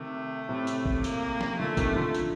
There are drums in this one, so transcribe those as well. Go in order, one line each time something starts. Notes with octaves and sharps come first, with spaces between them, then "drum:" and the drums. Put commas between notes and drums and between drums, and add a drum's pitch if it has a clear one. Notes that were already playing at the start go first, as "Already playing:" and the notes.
Already playing: C3 D#3 A3
A2 C3
drum: tambourine
drum: kick
A#3, drum: tambourine
drum: snare
A#2 D3 A3
C3 D#3, drum: kick, tambourine
D3 F3
drum: tambourine